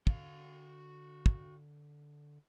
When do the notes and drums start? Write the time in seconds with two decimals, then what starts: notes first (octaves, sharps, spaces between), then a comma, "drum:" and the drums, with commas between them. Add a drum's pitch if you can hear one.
0.07 D3 F#4 F5, drum: kick
1.26 drum: kick